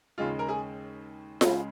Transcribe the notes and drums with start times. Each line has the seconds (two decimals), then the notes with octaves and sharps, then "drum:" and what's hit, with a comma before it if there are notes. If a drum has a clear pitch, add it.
0.18 D#2 C#3 G#3 F4
0.39 A#4
0.49 G#4
1.41 C#2 C#3 G#3, drum: snare F4